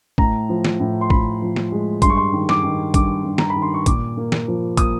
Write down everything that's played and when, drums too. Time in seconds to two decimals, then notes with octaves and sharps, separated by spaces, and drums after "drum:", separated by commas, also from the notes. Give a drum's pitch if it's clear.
0.18 A2 A#5, drum: kick
0.49 F3
0.65 drum: snare
0.80 A2
1.01 C6
1.10 A2 B5, drum: kick
1.42 F3
1.56 drum: snare
1.72 G#3
2.02 G2 C6, drum: kick, hi-hat
2.10 C#6
2.17 C6
2.33 D#3
2.49 D6, drum: snare
2.63 D#3
2.94 G2 D6, drum: kick, hi-hat
3.25 G2
3.38 A#5, drum: snare
3.50 B5
3.56 D#3
3.62 C6
3.74 C#6
3.86 A#2 D6, drum: kick, hi-hat
4.17 A#3
4.32 drum: snare
4.48 F3
4.77 A#3 D#6, drum: kick, hi-hat